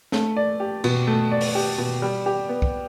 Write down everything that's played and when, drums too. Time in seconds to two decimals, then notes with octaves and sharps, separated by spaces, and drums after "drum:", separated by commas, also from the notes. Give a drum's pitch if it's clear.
0.12 A3, drum: snare
0.37 D5
0.60 G4
0.84 B2, drum: cymbal
1.07 A3
1.31 D5
1.41 drum: open hi-hat
1.55 G4
1.78 B2
2.02 G3
2.26 G4
2.49 B3
2.62 drum: kick